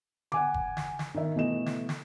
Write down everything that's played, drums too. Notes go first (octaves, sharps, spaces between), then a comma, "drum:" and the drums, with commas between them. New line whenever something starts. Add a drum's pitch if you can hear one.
F#5 G#5 D6, drum: tom D3
drum: kick F#1
drum: snare
drum: snare
D#3 E5
B2 E3 A3 D#5 E7
drum: snare
drum: snare